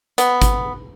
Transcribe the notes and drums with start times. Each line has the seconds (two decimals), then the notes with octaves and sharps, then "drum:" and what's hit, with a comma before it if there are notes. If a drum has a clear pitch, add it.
0.18 B3, drum: hi-hat
0.42 drum: kick G#1, hi-hat